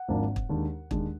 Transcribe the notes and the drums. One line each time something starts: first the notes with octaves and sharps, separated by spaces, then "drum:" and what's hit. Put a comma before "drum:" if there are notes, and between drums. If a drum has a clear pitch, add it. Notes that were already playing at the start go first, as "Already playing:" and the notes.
Already playing: F#5
G#1 G#2 F3 A#3 D4
drum: kick
D#2 D#3 G#3 D4
D#2 D#3 G#3 D4, drum: kick